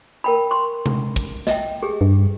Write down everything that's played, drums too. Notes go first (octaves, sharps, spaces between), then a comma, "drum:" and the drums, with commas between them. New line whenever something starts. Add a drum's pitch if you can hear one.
A#4 G5 B5
C6 C#6
drum: tom C3
drum: kick, hi-hat
D#5 E5 G5, drum: snare
G4 G#4
G2